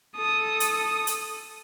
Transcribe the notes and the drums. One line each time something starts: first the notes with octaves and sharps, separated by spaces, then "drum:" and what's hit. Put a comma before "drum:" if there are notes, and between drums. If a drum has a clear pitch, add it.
A4 D#6
drum: hi-hat
drum: hi-hat